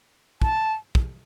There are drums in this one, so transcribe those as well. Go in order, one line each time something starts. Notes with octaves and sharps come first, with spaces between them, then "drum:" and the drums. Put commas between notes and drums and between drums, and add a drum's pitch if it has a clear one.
A5, drum: kick
drum: kick